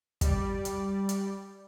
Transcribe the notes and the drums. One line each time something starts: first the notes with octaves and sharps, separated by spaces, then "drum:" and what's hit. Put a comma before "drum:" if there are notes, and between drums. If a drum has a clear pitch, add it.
G3 D5, drum: kick, hi-hat
drum: hi-hat
drum: hi-hat